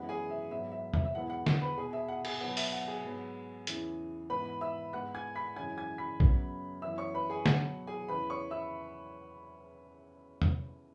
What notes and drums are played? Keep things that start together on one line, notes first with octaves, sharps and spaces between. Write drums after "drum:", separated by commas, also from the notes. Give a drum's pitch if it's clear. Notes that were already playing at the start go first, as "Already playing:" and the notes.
Already playing: F#2 E3 G#3 B3 F#5
G#4 G#5
E5
G#2 F#3 B3 E5
E5
E5, drum: tom E2
E5
E2 B2 G#3 B3 F#5
F#5
F#5, drum: snare
B4 B5
B2 B3 G#4 G#5
E5
F#5
G#4 G#5, drum: cymbal
B2 F#3 B3 F#5
E5, drum: open hi-hat
F#5
G#4 G#5
G#2 F#3 B3
E2 C#3 E3, drum: hi-hat
G#2 E3 G#3 B3 B4 B5
E5 E6
G#2 G#3 B3 F#5 F#6
G#5 G#6
B5 B6
F#2 C#3 E3 G#3 G#5 G#6
G#5 G#6
B5 B6
F#2 C#3 F#3 B3, drum: kick
F#2 E3 B3 E5 E6
C#5 C#6
B4 B5
G#4 G#5
B2 F#3 B3 F#5, drum: snare
G#4 G#5
E2 C#3 E3 B4 B5
C#5 C#6
E5 E6
drum: tom E2